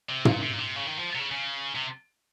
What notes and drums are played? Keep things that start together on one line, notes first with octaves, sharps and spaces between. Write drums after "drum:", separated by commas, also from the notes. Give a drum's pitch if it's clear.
C3
A#2, drum: tom
C3
A#2
C3
C#3
D#3
F3
C3
C#3
C#3
C3